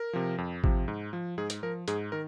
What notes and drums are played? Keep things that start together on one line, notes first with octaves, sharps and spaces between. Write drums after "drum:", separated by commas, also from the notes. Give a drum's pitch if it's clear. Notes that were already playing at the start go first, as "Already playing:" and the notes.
Already playing: A#4
C3 F3
F2
C3 F3, drum: kick G#1
G#2
F3
G#2 G#4
drum: hi-hat
F3 A#4
G#2 G#4, drum: hi-hat
D#3 A#4